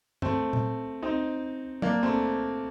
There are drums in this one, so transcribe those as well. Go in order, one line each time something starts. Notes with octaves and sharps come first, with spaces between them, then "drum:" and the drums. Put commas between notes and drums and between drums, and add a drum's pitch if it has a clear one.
A3 C4, drum: tom G2
drum: tom
C4 D#4
A#3 D4, drum: tom
A3 C4